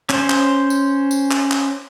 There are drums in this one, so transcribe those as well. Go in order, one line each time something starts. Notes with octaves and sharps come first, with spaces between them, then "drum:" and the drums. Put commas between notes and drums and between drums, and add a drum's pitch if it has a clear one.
C#4 C5, drum: clap
drum: clap
drum: tambourine
drum: tambourine
drum: clap
drum: clap